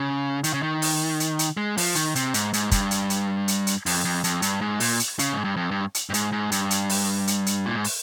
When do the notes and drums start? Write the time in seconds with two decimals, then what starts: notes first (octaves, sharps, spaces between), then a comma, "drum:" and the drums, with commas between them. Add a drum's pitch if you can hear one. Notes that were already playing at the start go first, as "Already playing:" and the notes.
Already playing: C#3
0.44 D#3, drum: hi-hat
0.54 C#3
0.63 D#3
0.82 drum: open hi-hat
1.20 drum: hi-hat
1.39 drum: hi-hat
1.57 G#3
1.77 F3, drum: open hi-hat
1.95 D#3, drum: hi-hat
2.15 C3, drum: hi-hat
2.34 G#2, drum: hi-hat
2.53 G#2, drum: hi-hat
2.71 G2, drum: kick, hi-hat
2.91 drum: hi-hat
3.10 drum: hi-hat
3.48 drum: hi-hat
3.67 drum: hi-hat
3.86 F2, drum: open hi-hat
4.05 F2
4.24 F2, drum: hi-hat
4.42 G2, drum: hi-hat
4.61 G#2
4.80 A#2, drum: open hi-hat
5.00 drum: hi-hat
5.19 C#3, drum: hi-hat
5.33 G#2
5.44 G2
5.56 F2
5.71 G2
5.95 drum: hi-hat
6.10 G2
6.14 G#2, drum: hi-hat
6.32 G#2
6.52 G2, drum: hi-hat
6.70 drum: hi-hat
6.89 drum: open hi-hat
7.27 drum: hi-hat
7.46 drum: hi-hat
7.66 A#2
7.75 G#2
7.84 drum: open hi-hat